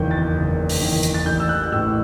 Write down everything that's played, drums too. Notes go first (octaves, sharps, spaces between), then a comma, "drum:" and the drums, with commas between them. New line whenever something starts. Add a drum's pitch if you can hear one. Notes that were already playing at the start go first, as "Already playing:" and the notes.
Already playing: F#1 E2 D#3 G6
A6
F#1
drum: open hi-hat
E2 D#3
drum: hi-hat
A6
A1 G6
E6
F#6
A2 E3 E6